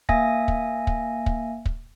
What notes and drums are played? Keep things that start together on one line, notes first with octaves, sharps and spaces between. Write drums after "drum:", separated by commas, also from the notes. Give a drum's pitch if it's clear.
A#3 E5 G#5 A#6, drum: kick
drum: kick
drum: kick
drum: kick
drum: kick